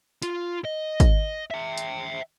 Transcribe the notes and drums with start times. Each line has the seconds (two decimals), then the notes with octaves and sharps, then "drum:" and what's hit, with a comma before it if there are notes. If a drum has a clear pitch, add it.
0.22 F4, drum: hi-hat
0.64 D#5
1.00 drum: kick, hi-hat
1.51 E5 G5
1.78 drum: hi-hat